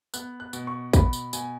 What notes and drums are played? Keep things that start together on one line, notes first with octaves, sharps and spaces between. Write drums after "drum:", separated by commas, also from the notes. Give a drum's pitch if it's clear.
B3 F#6, drum: tambourine
F#6
B2, drum: tambourine
C#6
B2 B5, drum: kick, tambourine
drum: tambourine
B2 G#5, drum: tambourine